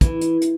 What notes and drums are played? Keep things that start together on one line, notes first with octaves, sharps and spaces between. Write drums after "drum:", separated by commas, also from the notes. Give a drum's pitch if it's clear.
E3, drum: kick, hi-hat
drum: hi-hat
drum: hi-hat